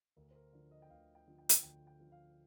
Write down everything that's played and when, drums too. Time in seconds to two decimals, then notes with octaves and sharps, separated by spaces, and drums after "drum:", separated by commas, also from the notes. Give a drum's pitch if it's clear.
0.16 D2 A#4
0.31 C5
0.35 A#4
0.53 D3 F3
0.71 D#5
0.82 G5
0.90 D2 F5
1.15 G5
1.27 D3 F3
1.38 G5
1.49 drum: hi-hat
1.63 D2 G5
1.87 G5
2.00 D3 F3
2.12 F5